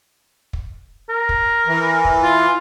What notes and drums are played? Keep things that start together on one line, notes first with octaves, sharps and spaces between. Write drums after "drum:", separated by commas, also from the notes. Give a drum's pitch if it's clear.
drum: kick
A#4
drum: kick
E3
drum: kick
F4